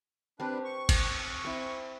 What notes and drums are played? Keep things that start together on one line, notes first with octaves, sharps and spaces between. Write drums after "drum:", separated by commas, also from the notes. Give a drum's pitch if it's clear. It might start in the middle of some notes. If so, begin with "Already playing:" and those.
C4 D4 G4 B4
C#6
drum: kick, cymbal
C4 E4